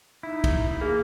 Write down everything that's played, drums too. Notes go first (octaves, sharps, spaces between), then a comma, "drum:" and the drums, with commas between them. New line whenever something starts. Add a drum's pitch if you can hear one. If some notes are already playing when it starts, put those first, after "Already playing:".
D#4 E4
drum: kick, cymbal
A#3 G#4